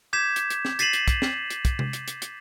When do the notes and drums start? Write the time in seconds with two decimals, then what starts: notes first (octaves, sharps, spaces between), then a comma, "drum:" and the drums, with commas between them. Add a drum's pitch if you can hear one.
0.13 D6 G6 G#6 B6 E7
0.36 drum: hi-hat
0.50 drum: hi-hat
0.65 drum: snare
0.79 A6 B6 C7 D#7 E7 F#7, drum: hi-hat
0.93 drum: hi-hat
1.08 drum: kick, hi-hat
1.22 drum: snare
1.50 drum: hi-hat
1.65 drum: kick, hi-hat
1.79 drum: tom C3
1.93 drum: hi-hat
2.08 drum: hi-hat
2.22 drum: hi-hat